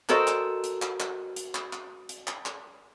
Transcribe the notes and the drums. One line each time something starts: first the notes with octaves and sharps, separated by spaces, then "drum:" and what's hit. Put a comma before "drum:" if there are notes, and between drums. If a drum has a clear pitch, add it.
F#4 A4 A#4 C5 D#5, drum: clap
drum: clap
drum: hi-hat
drum: clap
drum: clap
drum: hi-hat
drum: clap
drum: clap
drum: hi-hat
drum: clap
drum: clap